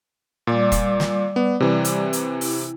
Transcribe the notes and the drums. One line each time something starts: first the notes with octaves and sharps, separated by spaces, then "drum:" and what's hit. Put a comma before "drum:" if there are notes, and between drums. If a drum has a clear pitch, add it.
A#2 G3 D5 D6
drum: kick, hi-hat
drum: snare
B3
C3 E3
drum: hi-hat
drum: hi-hat
E4, drum: open hi-hat